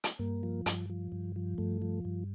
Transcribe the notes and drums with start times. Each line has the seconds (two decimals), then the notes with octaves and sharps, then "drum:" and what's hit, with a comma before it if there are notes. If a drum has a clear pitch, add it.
0.04 drum: hi-hat
0.19 G2 A#3
0.43 F3
0.66 G2, drum: hi-hat
0.90 F3
1.12 G2
1.36 F3
1.58 G2 A3
1.82 F3
2.05 G2